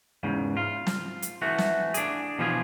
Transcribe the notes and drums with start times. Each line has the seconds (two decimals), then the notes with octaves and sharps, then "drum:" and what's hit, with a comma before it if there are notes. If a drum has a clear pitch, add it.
0.23 E2 G#2 C#3
0.57 F4
0.87 drum: snare
1.22 drum: hi-hat
1.42 E3 A3 F#4
1.58 drum: snare
1.94 D4 G#4, drum: hi-hat
2.39 B2 E3 F3 F4 G4 G#4